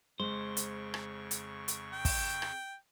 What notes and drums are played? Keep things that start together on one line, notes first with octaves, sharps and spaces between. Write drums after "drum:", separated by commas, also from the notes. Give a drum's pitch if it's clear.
F2 C#3 G#3 C5 C#6
drum: hi-hat
drum: rim click
drum: hi-hat
drum: hi-hat
G5
drum: kick, open hi-hat
drum: rim click